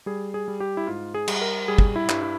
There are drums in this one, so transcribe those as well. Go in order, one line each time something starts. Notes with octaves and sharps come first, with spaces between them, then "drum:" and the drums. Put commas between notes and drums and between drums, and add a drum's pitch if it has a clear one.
G3 G#4
G#4
G3
G4
E4
G#2 F4
G#4
G3, drum: cymbal
A#4
G3 G#4
drum: kick
E4
G2, drum: clap
E4